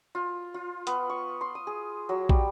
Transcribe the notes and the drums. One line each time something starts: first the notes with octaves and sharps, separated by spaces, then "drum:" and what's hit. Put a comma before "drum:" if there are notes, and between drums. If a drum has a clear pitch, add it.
F4
F4
B3, drum: hi-hat
C#6
C6
D#6
G#4
F#3
G3, drum: kick